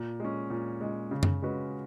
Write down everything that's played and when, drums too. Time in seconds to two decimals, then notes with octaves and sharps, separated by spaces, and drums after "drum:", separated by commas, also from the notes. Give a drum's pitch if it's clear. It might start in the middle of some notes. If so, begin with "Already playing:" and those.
Already playing: A#2
0.20 G#3 C#4
0.50 A#2
0.81 G#3 C#4
1.11 C#3
1.23 drum: tom F#2
1.42 G#3 C#4 F#4 B4